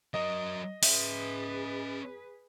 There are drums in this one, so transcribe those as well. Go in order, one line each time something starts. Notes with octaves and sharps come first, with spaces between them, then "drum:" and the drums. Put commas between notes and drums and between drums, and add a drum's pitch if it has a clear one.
F#3 A#4 D#5
C#4 G#4 B4 E5, drum: open hi-hat